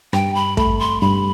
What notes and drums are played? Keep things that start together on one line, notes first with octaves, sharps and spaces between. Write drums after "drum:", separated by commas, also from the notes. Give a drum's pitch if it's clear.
G2 G5, drum: rim click
B5
A3 B5, drum: kick
C6
G2 B5